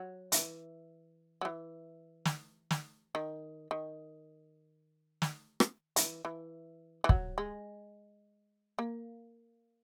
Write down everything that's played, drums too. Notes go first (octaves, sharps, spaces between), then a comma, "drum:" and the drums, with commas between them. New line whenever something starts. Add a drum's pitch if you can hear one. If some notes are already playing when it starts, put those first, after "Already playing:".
Already playing: F#3
E3, drum: hi-hat
F#3
E3
drum: snare
drum: snare
D#3
D#3
drum: snare
drum: rim click
E3, drum: hi-hat
E3
E3
F#3, drum: kick
G#3
A#3